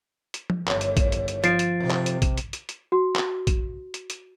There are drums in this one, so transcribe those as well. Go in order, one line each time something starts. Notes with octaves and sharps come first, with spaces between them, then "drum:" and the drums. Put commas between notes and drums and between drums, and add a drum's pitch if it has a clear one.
drum: hi-hat
drum: tom F3
G1 D#2 A2, drum: clap
drum: hi-hat
drum: kick A#1, hi-hat
drum: hi-hat
drum: hi-hat
F3 A6 C7 D7, drum: hi-hat
drum: hi-hat
F2 C3 D#4
drum: clap
drum: hi-hat
drum: kick A#1, hi-hat
drum: hi-hat
drum: hi-hat
drum: hi-hat
F#4
drum: clap
drum: kick A#1, hi-hat
drum: hi-hat
drum: hi-hat